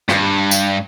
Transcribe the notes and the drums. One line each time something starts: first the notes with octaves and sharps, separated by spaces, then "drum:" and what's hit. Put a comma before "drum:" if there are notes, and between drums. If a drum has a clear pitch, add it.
G2, drum: rim click
drum: tambourine